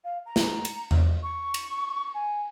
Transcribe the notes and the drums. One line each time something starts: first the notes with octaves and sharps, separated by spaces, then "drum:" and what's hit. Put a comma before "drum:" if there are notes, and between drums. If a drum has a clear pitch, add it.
F5
A#5
drum: snare
drum: cymbal
drum: tom E2
C#6
drum: cymbal
G#5